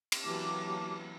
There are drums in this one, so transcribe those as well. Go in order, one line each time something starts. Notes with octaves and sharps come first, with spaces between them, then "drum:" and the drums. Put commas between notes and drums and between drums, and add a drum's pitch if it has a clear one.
drum: cymbal
E3 F#3 A#3 G4 A5 D6